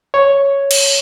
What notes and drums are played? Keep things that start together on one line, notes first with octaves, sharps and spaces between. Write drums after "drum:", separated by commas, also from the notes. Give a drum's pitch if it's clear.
C#5
drum: cymbal